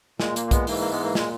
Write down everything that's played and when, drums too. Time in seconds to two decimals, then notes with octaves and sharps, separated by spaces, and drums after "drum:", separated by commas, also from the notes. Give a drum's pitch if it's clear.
0.20 A#2 G#3, drum: snare
0.36 A#3, drum: hi-hat
0.47 A#3
0.51 G#3 B3, drum: kick B1, hi-hat
0.67 G#2 E3 A#3, drum: open hi-hat
0.80 A#3
0.91 G#3 B3
1.03 A#3
1.15 A#2 G#3, drum: snare